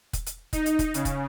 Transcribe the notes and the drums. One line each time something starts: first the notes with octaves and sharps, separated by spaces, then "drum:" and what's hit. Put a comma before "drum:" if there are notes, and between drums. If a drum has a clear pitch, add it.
drum: kick, hi-hat
drum: hi-hat
D#4, drum: kick, hi-hat
drum: hi-hat
drum: kick, hi-hat
C#3, drum: hi-hat
drum: kick, hi-hat